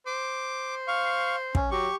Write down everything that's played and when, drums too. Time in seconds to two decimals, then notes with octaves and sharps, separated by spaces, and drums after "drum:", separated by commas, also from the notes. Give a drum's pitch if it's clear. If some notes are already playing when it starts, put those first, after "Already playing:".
0.06 C5 D6
0.88 F5 C#6
1.55 C#4, drum: kick
1.71 F#3 G4 C#6